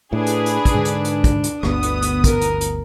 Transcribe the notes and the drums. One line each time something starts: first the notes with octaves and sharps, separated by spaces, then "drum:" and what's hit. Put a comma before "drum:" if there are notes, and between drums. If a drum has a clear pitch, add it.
A2 D4 G#4 B4
drum: hi-hat
drum: hi-hat
drum: kick, hi-hat
G#2 D3
drum: hi-hat
drum: hi-hat
drum: kick, hi-hat
drum: hi-hat
G1 D2 B3 D#6, drum: rim click
drum: hi-hat
drum: hi-hat
A#4 A#5, drum: kick, hi-hat
drum: hi-hat
drum: hi-hat